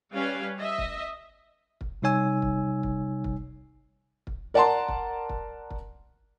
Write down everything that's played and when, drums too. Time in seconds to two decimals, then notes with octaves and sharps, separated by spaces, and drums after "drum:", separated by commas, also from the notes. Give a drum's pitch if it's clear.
0.14 G3 C#4 B4 F5
0.58 D#5 E5
0.78 drum: kick
1.81 drum: kick
2.02 C3 G3 D#4 C#5 G#5 E6
2.42 drum: kick
2.83 drum: kick
3.24 drum: kick
4.27 drum: kick
4.54 A#4 D5 F#5 A5 A#5 C6
4.88 drum: kick
5.29 drum: kick
5.71 drum: kick